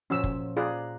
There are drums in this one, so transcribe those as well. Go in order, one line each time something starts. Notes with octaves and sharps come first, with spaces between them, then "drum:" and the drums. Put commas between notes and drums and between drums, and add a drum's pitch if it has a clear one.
A#2 F3 C#4 F#4 E6
drum: kick
F4 G#4 D5 A#5 F#6 C7